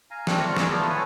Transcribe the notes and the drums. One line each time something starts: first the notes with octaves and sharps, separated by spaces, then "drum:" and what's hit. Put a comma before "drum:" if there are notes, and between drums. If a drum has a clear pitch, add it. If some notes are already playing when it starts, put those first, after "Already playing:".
F5 G#5 A#5
A3 C4 D4 G4 A#4, drum: snare
F4 A#5 C#6
G#3 G#4 D5 D6 E6, drum: snare
A3 B3 F4
A4 B4 C#5 G#5 A5 E6